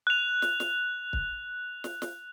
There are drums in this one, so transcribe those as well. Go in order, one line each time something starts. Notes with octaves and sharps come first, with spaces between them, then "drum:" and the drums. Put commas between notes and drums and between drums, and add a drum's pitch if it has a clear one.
F#6 F7
drum: snare
drum: snare
drum: kick
drum: snare
drum: snare